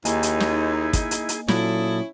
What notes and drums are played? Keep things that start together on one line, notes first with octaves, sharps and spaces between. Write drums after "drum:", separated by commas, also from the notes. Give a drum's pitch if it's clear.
D#2 A#3 D#4 E4 G#4 D#5 G#5, drum: hi-hat
drum: hi-hat
drum: snare
drum: kick, hi-hat
drum: hi-hat
drum: hi-hat
A#2 F#3 C#4 E4 A4 D#6, drum: snare